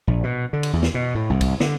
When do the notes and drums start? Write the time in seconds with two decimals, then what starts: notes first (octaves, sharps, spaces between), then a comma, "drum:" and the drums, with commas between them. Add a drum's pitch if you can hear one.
0.07 A#1
0.23 B2
0.53 D3
0.63 drum: cymbal
0.73 E2
0.83 drum: snare
0.94 B2
1.15 A2
1.30 C2
1.41 drum: kick, cymbal
1.60 D3, drum: snare